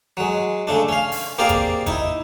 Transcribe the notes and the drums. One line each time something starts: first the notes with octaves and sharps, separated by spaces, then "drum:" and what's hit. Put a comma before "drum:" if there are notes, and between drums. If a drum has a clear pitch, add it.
F#3 G#3
C#3 A3 D4
C#4 F5
drum: open hi-hat
A#3 C4 G4 G#4 D5 F5
drum: kick, hi-hat
D#4 E4, drum: kick, hi-hat